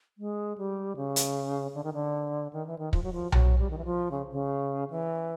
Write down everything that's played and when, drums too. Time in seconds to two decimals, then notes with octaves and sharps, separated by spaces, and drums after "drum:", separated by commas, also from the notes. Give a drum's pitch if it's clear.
0.18 G#3
0.58 G3
0.96 C#3
1.16 drum: hi-hat
1.75 D3
1.84 D#3
1.93 D3
2.53 D#3
2.67 E3
2.79 D#3
2.93 F3, drum: kick
3.03 F#3
3.13 F3
3.32 F#3, drum: tom B1
3.59 G3
3.70 D#3
3.78 E3
3.85 F3
4.11 C#3
4.32 C#3
4.90 E3